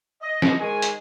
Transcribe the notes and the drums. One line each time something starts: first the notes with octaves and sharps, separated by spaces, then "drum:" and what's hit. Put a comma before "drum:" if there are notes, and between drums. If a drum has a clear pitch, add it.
D#5
drum: snare
G#2 D#3 G#3 G#5
drum: hi-hat